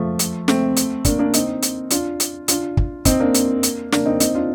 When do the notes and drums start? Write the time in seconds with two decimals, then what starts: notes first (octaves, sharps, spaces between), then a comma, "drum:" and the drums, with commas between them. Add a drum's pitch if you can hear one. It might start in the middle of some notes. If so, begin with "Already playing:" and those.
Already playing: F3 A3
0.19 drum: hi-hat
0.48 A3 C4, drum: snare
0.77 drum: hi-hat
1.05 A#3 D4, drum: kick, hi-hat
1.19 A#3 D4
1.34 C4 D#4, drum: hi-hat
1.63 drum: hi-hat
1.91 D4 F4, drum: hi-hat
2.20 drum: hi-hat
2.48 D4 F4, drum: hi-hat
2.77 drum: kick
3.05 C4 D#4, drum: kick, hi-hat
3.20 A#3 D4
3.34 drum: hi-hat
3.63 drum: hi-hat
3.92 A#3 D4, drum: snare
4.06 C4 D#4
4.20 C4 D#4, drum: hi-hat
4.35 D4 F4